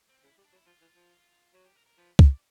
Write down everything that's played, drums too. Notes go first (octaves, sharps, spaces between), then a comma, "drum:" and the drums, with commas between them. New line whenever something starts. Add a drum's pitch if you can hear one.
C4
C#3 E4
G3
D4
F#3
E4
F3 F4
E3
F3
F#3 F#4
G4
A#4
A#4
F3 B4
C5, drum: kick
D5